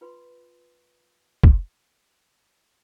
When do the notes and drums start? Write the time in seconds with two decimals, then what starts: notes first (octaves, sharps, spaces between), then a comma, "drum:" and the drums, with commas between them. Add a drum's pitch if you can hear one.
0.01 F4 B4 B5 C6
1.44 drum: kick F1